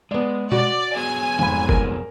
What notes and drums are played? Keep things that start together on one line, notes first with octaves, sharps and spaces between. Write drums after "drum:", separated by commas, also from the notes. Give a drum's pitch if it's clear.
G#3 B3 D5
F#4 D5, drum: tom B2
F#3 B3 G#4 G#5
F1 G#2 B5, drum: tom
A#4, drum: kick F#1